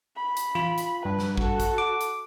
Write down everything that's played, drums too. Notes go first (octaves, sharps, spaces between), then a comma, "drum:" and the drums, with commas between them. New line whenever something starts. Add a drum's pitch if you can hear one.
B5
drum: hi-hat
F4, drum: tom E3
drum: hi-hat
G2 B4
drum: snare
F#4 A4, drum: kick
drum: kick, hi-hat
D6
drum: hi-hat